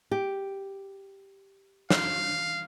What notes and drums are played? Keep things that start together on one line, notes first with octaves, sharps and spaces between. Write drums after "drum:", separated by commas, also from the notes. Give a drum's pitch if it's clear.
G4
F5, drum: snare